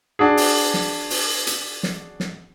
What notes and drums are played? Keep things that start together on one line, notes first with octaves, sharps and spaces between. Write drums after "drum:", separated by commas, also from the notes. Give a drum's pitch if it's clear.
D4 F#4 G#4
drum: open hi-hat
drum: snare
drum: open hi-hat
drum: hi-hat
drum: snare
drum: snare